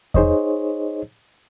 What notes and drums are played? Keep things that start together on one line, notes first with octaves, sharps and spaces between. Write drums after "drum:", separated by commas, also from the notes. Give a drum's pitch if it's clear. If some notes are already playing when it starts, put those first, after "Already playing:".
D#4 G#4 C5 C#5 D#5, drum: kick E2